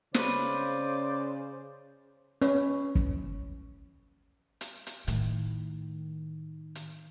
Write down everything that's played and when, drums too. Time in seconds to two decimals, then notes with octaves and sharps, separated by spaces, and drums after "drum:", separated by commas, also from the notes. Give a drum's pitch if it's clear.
0.14 C#3 C#4 B4 C5 D5, drum: snare
2.42 C#4 B4, drum: hi-hat
2.95 drum: kick
4.61 drum: hi-hat
4.87 drum: hi-hat
5.08 A2 D#3, drum: hi-hat
6.75 drum: hi-hat